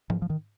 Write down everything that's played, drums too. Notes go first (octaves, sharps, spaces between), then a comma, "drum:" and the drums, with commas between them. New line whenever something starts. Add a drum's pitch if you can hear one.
F3, drum: tom G#2
F3
D#3